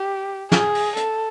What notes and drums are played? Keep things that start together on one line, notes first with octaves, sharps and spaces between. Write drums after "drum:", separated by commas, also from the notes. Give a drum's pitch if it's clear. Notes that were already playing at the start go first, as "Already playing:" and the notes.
Already playing: G4
G#4, drum: snare
drum: open hi-hat
A4, drum: hi-hat